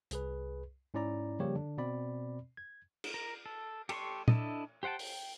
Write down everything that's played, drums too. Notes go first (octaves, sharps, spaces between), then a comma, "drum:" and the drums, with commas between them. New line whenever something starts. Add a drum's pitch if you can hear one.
C2 G#4 B4, drum: hi-hat
G#2 C#4 E4 D5 A#5
C#3 F3 G3 A#3 G4 C#5
D3 D4
B2 C4 D5 B5
G#6
drum: cymbal
A#4
A4
G4 A4 A#4 C6 C#6, drum: cymbal
D4 E4 A4 D#5, drum: tom
G4 C5 F#5 G5 A5
G5, drum: open hi-hat